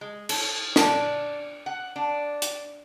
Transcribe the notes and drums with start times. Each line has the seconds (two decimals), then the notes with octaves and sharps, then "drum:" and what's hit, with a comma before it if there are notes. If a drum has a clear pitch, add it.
0.01 G#3
0.29 A4, drum: cymbal
0.76 D4, drum: snare
1.66 F#5
1.96 D4
2.42 drum: hi-hat